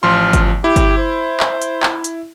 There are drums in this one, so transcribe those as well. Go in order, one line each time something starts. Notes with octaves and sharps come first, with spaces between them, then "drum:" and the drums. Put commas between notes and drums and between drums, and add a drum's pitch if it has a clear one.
A1 F3 F4 C6
drum: kick G1, hi-hat
E4 G4
drum: kick G1, hi-hat
C5
drum: clap
drum: hi-hat
drum: clap
drum: hi-hat